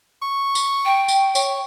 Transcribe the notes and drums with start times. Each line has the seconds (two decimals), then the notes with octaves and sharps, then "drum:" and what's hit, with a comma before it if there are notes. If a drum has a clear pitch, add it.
0.22 C#6
0.55 drum: tambourine
0.86 G5
1.08 drum: tambourine
1.35 C#5, drum: tambourine